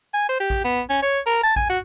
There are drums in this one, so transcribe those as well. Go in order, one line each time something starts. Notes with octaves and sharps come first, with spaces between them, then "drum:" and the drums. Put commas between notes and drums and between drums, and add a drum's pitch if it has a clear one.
G#5
C5
G4
drum: kick A1
B3
C#4
C#5
A#4
A5
G#5, drum: kick A1
F#4